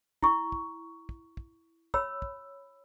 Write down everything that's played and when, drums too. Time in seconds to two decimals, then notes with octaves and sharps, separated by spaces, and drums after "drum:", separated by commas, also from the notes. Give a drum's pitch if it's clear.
0.23 E4 C#6, drum: kick
0.52 drum: kick
1.09 drum: kick
1.37 drum: kick
1.94 C#5 B5 E6, drum: kick
2.22 drum: kick